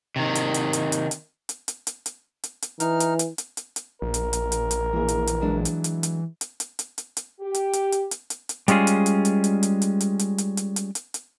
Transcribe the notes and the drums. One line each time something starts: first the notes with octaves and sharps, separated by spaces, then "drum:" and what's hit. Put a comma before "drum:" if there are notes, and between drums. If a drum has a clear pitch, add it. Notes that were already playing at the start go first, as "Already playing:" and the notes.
C3 D#3
drum: hi-hat
drum: hi-hat
drum: hi-hat
drum: hi-hat
drum: hi-hat
drum: hi-hat
drum: hi-hat
drum: hi-hat
drum: hi-hat
drum: hi-hat
drum: hi-hat
E3 D#4 F6, drum: hi-hat
drum: hi-hat
drum: hi-hat
drum: hi-hat
drum: hi-hat
drum: hi-hat
A#1 A#4
drum: hi-hat
drum: hi-hat
drum: hi-hat
drum: hi-hat
E3 A#3 G#4
drum: hi-hat
drum: hi-hat
F#3 G#3 D4
drum: hi-hat
drum: hi-hat
drum: hi-hat
drum: hi-hat
drum: hi-hat
drum: hi-hat
drum: hi-hat
drum: hi-hat
G4
drum: hi-hat
drum: hi-hat
drum: hi-hat
drum: hi-hat
drum: hi-hat
drum: hi-hat
G3 G#3 C#4 F4 G#4, drum: hi-hat
drum: hi-hat
drum: hi-hat
drum: hi-hat
drum: hi-hat
drum: hi-hat
drum: hi-hat
drum: hi-hat
drum: hi-hat
drum: hi-hat
drum: hi-hat
drum: hi-hat
drum: hi-hat
drum: hi-hat